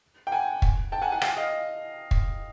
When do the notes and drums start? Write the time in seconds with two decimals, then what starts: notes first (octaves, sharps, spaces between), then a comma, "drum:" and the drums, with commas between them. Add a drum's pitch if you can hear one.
0.27 G5
0.32 F#5 G#5
0.62 drum: kick
0.92 G5 A5
1.02 F#5 G#5
1.12 F#5 G#5
1.22 F5 G5, drum: rim click
1.37 D#5 F5
2.11 drum: kick